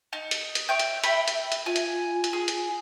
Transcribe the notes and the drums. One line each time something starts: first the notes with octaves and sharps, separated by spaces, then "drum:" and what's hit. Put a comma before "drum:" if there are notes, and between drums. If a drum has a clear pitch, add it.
D#4
drum: hi-hat
drum: hi-hat
C#5 E5 G5
drum: hi-hat
G5 B5, drum: hi-hat
drum: hi-hat
drum: hi-hat
F4 G#5
drum: hi-hat
drum: hi-hat
G#4
drum: hi-hat